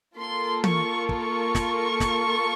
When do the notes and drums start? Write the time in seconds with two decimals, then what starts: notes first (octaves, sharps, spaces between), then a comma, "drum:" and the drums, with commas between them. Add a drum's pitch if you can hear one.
0.18 A#3 F4 A4 C6
0.64 C#6, drum: tom E3
1.09 C#6, drum: kick
1.55 drum: snare
2.00 drum: snare